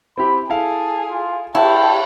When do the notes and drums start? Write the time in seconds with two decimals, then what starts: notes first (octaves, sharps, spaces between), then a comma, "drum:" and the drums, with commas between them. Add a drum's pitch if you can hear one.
0.18 C4 E4 G4 B5
0.50 E4 G#4 A4 F5 A5
1.09 F4
1.55 E4 G5 A5, drum: cymbal